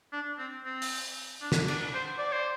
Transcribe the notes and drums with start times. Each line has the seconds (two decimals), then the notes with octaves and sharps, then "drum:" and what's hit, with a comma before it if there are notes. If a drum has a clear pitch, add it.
0.13 D4
0.39 C4
0.65 C4
0.82 drum: open hi-hat
1.42 D4
1.52 drum: snare
1.68 D4, drum: cymbal
1.94 C5
2.18 D5
2.32 C5